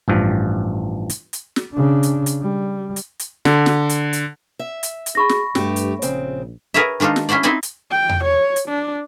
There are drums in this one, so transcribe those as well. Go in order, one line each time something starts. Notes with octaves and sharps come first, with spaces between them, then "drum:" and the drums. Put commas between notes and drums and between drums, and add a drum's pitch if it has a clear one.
A1 G2 F3
drum: hi-hat
drum: hi-hat
drum: snare
C#3 D4
drum: hi-hat
drum: hi-hat
G3
drum: hi-hat
drum: hi-hat
D3, drum: snare
drum: snare
drum: hi-hat
drum: hi-hat
E5
drum: hi-hat
drum: hi-hat
G#4 B5 C#6 A#6
drum: snare
G2 A3 G4, drum: snare
drum: hi-hat
A#1 C#3 C4, drum: hi-hat
G#4 A#4 B4 C#5 E5
D#3 G#3 D4 D#4 F4
drum: snare
C#4 E4 F#4 C5 D5
C4 D#4 E4 C5 D5 G#5
drum: hi-hat
G5
drum: tom E2
C#5
drum: hi-hat
D4